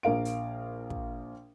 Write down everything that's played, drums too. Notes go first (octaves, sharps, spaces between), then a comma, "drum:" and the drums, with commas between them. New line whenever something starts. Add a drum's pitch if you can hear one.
A#1 A#4 F5 D7
drum: hi-hat
drum: kick